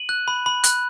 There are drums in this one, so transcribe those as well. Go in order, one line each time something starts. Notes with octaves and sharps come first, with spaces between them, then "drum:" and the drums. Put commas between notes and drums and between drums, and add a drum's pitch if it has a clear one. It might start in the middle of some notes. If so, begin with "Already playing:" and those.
Already playing: D#7 F#7
F#6
B5
B5
F#6, drum: hi-hat